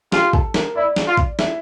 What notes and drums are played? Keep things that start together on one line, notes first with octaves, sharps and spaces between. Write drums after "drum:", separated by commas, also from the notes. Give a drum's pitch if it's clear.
F4 G4, drum: snare
A4, drum: kick A1
A#4, drum: snare
E4 D5
drum: snare
F4
drum: kick A1
E4, drum: snare